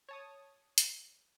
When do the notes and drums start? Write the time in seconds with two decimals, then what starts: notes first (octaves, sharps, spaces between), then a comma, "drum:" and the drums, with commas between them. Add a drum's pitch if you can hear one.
0.09 C#5 A5 D#6
0.78 drum: hi-hat